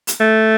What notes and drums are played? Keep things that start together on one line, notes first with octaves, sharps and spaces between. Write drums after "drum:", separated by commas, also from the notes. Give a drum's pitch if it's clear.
drum: hi-hat
A3